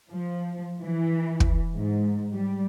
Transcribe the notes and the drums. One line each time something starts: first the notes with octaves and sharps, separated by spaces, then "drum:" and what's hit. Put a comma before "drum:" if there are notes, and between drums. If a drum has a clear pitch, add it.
F3
E3
drum: kick
G#2
G3